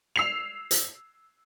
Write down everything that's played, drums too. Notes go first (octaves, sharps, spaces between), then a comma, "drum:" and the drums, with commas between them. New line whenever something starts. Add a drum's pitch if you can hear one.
E6 C7 F7
drum: hi-hat